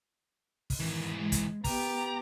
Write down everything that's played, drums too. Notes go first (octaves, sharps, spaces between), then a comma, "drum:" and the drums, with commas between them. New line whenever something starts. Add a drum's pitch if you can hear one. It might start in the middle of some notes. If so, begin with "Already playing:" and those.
drum: kick, open hi-hat
G#2 D#3 E3
G#3
drum: kick, hi-hat
B3 G4 A#5 D6, drum: kick, open hi-hat